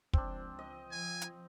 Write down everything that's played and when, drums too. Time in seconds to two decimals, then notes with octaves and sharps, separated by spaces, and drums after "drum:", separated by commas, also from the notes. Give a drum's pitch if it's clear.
0.13 C#2 F3 C4 D4, drum: kick
0.59 D#5
0.92 F3 G#5
1.22 drum: hi-hat